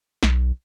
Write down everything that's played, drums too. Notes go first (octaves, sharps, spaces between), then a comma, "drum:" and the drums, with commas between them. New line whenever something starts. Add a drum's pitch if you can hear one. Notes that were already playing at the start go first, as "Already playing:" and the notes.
B1, drum: snare